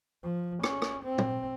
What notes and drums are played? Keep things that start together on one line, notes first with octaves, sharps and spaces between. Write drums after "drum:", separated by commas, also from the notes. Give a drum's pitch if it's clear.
F3
C#4, drum: rim click
drum: rim click
C4
drum: tom